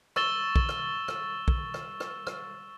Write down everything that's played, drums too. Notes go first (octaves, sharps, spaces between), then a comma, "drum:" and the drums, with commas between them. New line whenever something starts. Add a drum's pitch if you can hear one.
C#6 E6 A6 E7 G7, drum: rim click
drum: kick
drum: rim click
drum: rim click
drum: kick
drum: rim click
drum: rim click
drum: rim click